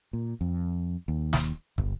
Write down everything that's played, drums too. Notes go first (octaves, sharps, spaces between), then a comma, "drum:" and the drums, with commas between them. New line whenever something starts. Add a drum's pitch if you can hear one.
A#2
F2
D#2
drum: snare
G1, drum: kick